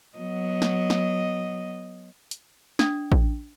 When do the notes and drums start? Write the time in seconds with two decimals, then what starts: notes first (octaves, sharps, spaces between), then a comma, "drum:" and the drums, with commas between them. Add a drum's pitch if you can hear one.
0.18 F#3 B3 D#5
0.62 drum: snare
0.90 drum: snare
2.31 drum: hi-hat
2.79 D4, drum: snare
3.12 drum: kick A1